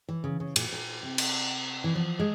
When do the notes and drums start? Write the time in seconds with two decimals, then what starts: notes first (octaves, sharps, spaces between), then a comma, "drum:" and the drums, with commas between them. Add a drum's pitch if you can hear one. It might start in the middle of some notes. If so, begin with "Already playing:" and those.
0.09 E3
0.24 C#3
0.40 C#3
0.56 A#2, drum: cymbal
0.73 A#2
1.03 C3
1.18 drum: cymbal
1.84 E3
1.95 F3
2.20 G#3